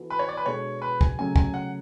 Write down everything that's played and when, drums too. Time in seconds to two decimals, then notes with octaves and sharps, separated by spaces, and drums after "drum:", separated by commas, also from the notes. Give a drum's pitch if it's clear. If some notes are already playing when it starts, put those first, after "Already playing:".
Already playing: E3 B3 F#4 A4
0.10 B4
0.19 C#5
0.29 D5
0.37 B4
0.46 B2 G#3 D4 A4 C#5
0.82 B4
1.01 G#5, drum: kick
1.18 C#3 F#3 A3 C#4 G#5
1.36 G#5, drum: kick
1.54 F#5